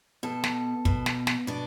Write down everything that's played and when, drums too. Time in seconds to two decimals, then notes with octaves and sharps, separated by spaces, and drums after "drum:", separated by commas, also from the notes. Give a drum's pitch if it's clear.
0.23 B2 A4
0.44 drum: snare
0.85 B2, drum: kick
1.06 drum: snare
1.27 drum: snare
1.47 B2 D4